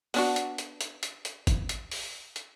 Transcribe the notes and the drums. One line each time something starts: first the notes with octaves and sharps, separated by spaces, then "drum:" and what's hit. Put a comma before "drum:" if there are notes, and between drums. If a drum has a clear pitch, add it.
B3 D4 F#4, drum: open hi-hat
drum: hi-hat
drum: hi-hat
drum: hi-hat
drum: hi-hat
drum: hi-hat
drum: kick, hi-hat
drum: hi-hat
drum: open hi-hat
drum: hi-hat